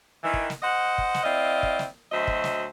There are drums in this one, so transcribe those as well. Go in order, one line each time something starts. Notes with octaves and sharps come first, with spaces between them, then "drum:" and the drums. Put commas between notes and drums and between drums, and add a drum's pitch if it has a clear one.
D#3 E3
drum: kick
drum: snare
C5 D#5 F#5
drum: kick
drum: snare
C4 E4 D5 D#5 F5
drum: kick
drum: snare
D2 F#3 C5 D#5 E5
drum: kick
drum: snare